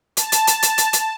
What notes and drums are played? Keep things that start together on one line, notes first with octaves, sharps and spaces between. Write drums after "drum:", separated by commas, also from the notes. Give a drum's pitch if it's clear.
A5, drum: hi-hat
drum: hi-hat
drum: hi-hat
drum: hi-hat
drum: hi-hat
drum: hi-hat